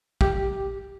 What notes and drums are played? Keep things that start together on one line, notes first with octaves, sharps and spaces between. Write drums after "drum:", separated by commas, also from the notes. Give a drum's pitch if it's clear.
G4, drum: kick